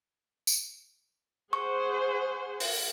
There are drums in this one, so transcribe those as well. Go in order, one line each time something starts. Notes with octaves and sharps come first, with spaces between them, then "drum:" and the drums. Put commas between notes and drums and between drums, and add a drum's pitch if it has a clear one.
drum: tambourine
G#4 C5 F#5 C#6
drum: open hi-hat